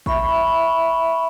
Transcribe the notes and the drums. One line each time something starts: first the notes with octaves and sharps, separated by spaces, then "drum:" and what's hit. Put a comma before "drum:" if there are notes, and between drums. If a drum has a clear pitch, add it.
E5 B5 C#6, drum: kick G#1